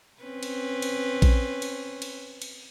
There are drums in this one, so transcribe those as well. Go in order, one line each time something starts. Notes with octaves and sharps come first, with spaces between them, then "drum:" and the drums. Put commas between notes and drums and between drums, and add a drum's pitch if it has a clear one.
C4 C#4 B4
drum: cymbal
drum: cymbal
drum: kick A#1, cymbal
drum: cymbal
drum: cymbal
drum: cymbal